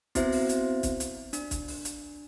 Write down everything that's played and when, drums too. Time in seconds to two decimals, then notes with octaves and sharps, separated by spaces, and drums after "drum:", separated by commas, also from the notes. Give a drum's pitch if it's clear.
0.15 B3 C4 E4 F#4 C5 E5, drum: kick, hi-hat
0.32 drum: open hi-hat
0.49 drum: hi-hat
0.83 drum: kick, hi-hat
1.00 drum: hi-hat
1.33 D4, drum: hi-hat
1.51 drum: kick, hi-hat
1.68 drum: open hi-hat
1.85 drum: hi-hat